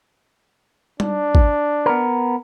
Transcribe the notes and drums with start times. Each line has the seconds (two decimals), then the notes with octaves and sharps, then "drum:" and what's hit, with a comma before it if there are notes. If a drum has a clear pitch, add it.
1.00 D4, drum: tom G3
1.35 drum: kick
1.86 B3 A#4